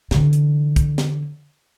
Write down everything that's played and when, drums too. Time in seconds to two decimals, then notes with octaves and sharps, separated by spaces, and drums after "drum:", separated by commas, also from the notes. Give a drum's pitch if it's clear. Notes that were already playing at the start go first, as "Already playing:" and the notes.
0.11 D3 E3, drum: snare
0.33 drum: hi-hat
0.76 drum: kick, hi-hat
0.98 drum: snare